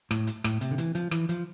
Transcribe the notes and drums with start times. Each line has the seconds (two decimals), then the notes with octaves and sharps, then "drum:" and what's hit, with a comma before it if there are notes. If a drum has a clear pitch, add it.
0.11 A2, drum: rim click
0.27 drum: hi-hat
0.44 A2, drum: rim click
0.61 C3, drum: hi-hat
0.71 D3
0.78 E3, drum: hi-hat
0.95 F3, drum: hi-hat
1.11 E3, drum: rim click
1.29 F3, drum: hi-hat